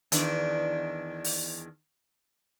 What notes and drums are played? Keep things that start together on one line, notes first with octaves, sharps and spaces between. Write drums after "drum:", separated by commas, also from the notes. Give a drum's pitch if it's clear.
E2 D#3 D4, drum: hi-hat
drum: open hi-hat